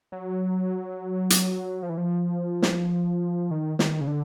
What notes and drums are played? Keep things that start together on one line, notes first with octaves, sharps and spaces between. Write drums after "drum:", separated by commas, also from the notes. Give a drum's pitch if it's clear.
F#3
drum: hi-hat
F3
E3
F3
drum: snare
D#3
D#3, drum: snare
C#3
D3